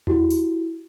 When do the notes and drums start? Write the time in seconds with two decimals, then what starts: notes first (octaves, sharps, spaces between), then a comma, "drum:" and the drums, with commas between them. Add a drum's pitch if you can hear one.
0.07 E4 F#4 G4, drum: tom E2
0.30 drum: hi-hat